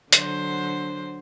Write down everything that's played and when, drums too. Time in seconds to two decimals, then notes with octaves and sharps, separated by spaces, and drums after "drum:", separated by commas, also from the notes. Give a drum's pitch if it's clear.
0.12 D3 F#3 C5, drum: hi-hat